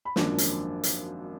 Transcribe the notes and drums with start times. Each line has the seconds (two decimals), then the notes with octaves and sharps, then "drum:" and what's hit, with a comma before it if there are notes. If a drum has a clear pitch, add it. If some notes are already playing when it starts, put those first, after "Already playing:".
0.05 B5
0.16 G#1 F#2 F3 A#3 D4 D6, drum: snare
0.38 drum: hi-hat
0.83 drum: hi-hat